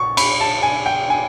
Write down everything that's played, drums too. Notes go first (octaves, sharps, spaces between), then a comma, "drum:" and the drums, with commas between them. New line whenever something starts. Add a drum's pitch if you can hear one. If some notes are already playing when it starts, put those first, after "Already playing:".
Already playing: A#1 C#6
B5, drum: cymbal
A5
G#5
G5
G#5